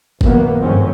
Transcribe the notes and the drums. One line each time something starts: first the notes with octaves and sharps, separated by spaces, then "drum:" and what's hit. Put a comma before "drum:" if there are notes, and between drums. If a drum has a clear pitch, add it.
A#1 F#2 D#3 A#3 B3, drum: kick G1
G1 F2 G#2 D#3 C4 C#4